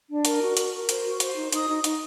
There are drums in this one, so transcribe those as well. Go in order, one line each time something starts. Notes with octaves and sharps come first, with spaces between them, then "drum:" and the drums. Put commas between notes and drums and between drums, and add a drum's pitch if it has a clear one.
D4
A#4, drum: hi-hat
F#4
A#4, drum: hi-hat
A#4
C5, drum: hi-hat
F#4
C5, drum: hi-hat
D#4
D#4 D#6, drum: hi-hat
D#4
D#4, drum: hi-hat